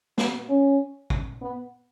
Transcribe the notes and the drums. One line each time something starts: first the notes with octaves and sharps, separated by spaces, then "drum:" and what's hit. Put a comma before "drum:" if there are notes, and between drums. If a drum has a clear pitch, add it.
B3, drum: snare
C#4
drum: kick
B3